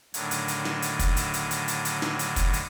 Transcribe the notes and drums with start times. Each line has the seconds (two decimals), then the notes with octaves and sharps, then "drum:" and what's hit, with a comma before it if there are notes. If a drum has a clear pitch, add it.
0.14 A2 D3 D#3 F#3, drum: hi-hat
0.31 drum: hi-hat
0.48 drum: hi-hat
0.65 drum: snare
0.82 drum: hi-hat
0.99 drum: kick, hi-hat
1.17 drum: hi-hat
1.34 drum: hi-hat
1.51 drum: hi-hat
1.68 drum: hi-hat
1.85 drum: hi-hat
2.02 drum: snare
2.19 drum: hi-hat
2.36 drum: kick, hi-hat
2.53 drum: hi-hat